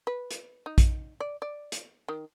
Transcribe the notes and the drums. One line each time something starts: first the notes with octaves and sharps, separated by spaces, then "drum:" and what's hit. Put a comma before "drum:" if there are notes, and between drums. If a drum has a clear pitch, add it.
B4
drum: hi-hat
D#4
drum: kick A#1, hi-hat
D5
D5
drum: hi-hat
D#3